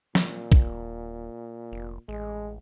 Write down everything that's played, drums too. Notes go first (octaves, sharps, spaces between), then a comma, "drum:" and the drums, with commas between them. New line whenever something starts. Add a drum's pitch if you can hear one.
A#2, drum: snare
D#1, drum: kick
F1
A1 G#3